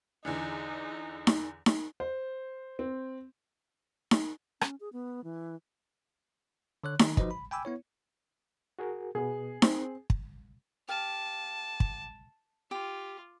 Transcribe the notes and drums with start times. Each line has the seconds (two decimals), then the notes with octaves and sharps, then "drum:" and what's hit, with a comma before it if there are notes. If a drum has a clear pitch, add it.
0.25 E2 D3 E3 D#4
1.27 drum: snare D#4
1.66 drum: snare D#4
2.00 C5
2.79 C4
4.11 drum: snare D#4
4.61 C#4, drum: rim click
4.80 G#4
4.93 B3
5.24 E3
6.84 D3 C#5 F#6
6.99 D#3 D#4, drum: snare D#4
7.17 F3 D#4 F#4 B4 C5 D#5, drum: kick
7.31 B5
7.51 G5 G#5 B5 D6 E6
7.65 B3 E4 C#5
8.79 F#4 G#4 A#4
9.15 B2 B3 G#4
9.62 C4, drum: snare D#4
10.10 drum: kick
10.89 G4 F5 A5
11.80 drum: kick
12.71 F4 G4